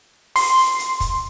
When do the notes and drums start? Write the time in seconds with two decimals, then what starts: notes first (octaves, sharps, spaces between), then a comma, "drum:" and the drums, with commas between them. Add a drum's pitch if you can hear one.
0.36 C6, drum: open hi-hat
0.57 drum: hi-hat
0.79 drum: hi-hat
1.00 drum: kick, hi-hat